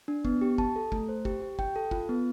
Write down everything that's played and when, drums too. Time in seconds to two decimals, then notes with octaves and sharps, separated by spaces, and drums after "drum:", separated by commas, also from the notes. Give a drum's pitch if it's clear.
0.08 D4
0.25 B3, drum: kick
0.41 G4
0.58 A5, drum: kick
0.76 A4
0.92 A3, drum: kick
1.09 C5
1.25 G4, drum: kick
1.42 G4
1.59 G5, drum: kick
1.76 A4
1.91 F4, drum: kick
2.09 B3